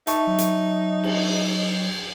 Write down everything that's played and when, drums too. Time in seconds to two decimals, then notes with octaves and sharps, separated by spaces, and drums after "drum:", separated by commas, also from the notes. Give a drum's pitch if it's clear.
0.07 D#4 E5 A5 C#6, drum: hi-hat
0.27 F#3
0.38 drum: hi-hat
1.04 drum: cymbal